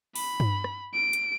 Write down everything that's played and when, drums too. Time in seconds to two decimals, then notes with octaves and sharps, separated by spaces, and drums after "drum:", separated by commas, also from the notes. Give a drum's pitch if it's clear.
0.16 B5, drum: open hi-hat
0.40 drum: tom G2
0.64 drum: rim click
0.94 D7
1.13 drum: hi-hat